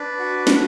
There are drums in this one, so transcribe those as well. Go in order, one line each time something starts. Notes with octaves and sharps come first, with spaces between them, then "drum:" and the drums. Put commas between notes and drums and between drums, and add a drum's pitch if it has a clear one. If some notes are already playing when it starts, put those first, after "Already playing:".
Already playing: D4 B4 D5
F#4
drum: snare